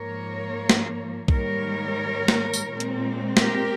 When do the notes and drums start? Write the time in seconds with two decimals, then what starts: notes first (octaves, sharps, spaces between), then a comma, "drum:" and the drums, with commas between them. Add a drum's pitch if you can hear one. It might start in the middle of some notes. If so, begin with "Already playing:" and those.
Already playing: G#2 F3 A#3 A#4 C#5
0.69 drum: snare A3
1.28 G#2 D#3 G3 A#3 A#4 C#5, drum: kick B1
2.28 drum: snare A3
2.53 drum: tambourine
2.68 A#2 G#3 C4
2.80 drum: hi-hat
3.37 G4 A#4, drum: snare A3